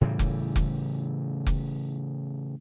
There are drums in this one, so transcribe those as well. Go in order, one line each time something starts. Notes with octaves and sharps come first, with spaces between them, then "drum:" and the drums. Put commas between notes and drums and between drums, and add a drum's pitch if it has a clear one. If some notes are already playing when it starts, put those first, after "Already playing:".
A2 C#3 E3 G3
drum: kick F1
drum: kick F1
drum: kick F1